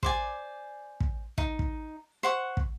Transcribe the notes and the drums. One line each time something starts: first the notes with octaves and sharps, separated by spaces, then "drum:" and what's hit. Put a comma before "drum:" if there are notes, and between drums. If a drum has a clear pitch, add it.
C5 D5 G#5, drum: kick
drum: kick
D#4, drum: kick
drum: kick
C5 F#5 C#6
drum: kick